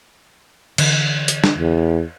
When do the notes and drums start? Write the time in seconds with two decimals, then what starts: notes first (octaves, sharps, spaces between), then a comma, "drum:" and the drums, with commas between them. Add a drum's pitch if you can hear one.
0.78 D3 E3, drum: cymbal
1.28 drum: hi-hat
1.44 drum: snare
1.58 E2